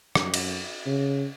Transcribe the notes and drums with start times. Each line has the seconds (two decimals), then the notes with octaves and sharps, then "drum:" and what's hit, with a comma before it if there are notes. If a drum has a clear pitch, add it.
0.15 F#2, drum: rim click
0.34 drum: cymbal
0.86 C#3